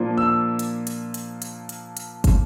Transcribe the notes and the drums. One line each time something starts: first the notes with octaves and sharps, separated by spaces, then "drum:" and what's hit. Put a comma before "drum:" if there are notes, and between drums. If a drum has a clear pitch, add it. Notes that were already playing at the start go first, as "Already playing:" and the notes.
Already playing: A#2 F3 A#3 D4 F4
E6
drum: hi-hat
drum: hi-hat
drum: hi-hat
drum: hi-hat
drum: hi-hat
drum: hi-hat
drum: kick, hi-hat